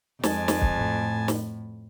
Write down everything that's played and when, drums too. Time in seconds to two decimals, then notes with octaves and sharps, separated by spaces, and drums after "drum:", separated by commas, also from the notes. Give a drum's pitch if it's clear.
0.23 F2 G#3 G#5 A5, drum: snare
0.48 drum: snare
0.61 drum: kick
0.75 A2
1.28 drum: snare